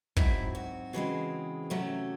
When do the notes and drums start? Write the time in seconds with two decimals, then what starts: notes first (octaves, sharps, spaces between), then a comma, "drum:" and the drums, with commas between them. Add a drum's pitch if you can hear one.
0.16 G#2 F#3 C4 E4, drum: kick
0.55 F#4
0.93 C#3 E3 G#3 C4
1.70 C3 F#3 A3 C#4